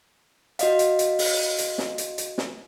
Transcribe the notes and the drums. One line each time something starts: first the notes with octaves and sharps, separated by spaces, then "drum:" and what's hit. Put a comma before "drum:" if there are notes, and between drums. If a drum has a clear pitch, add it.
F#4 D#5 F5, drum: hi-hat
drum: hi-hat
drum: hi-hat
drum: open hi-hat
drum: hi-hat
drum: snare
drum: hi-hat
drum: hi-hat
drum: snare